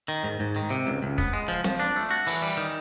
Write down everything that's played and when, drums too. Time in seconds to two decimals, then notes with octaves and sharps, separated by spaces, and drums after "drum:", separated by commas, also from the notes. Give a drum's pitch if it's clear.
0.08 D#3
0.24 G#2
0.40 G#2
0.56 D#3
0.70 C3
0.87 C#2
1.03 C#2
1.18 B3, drum: kick
1.33 G#3
1.48 F3
1.64 F3, drum: snare C4
1.80 D4
1.96 A3
2.11 F#4
2.27 E3, drum: open hi-hat
2.42 G3
2.57 D#3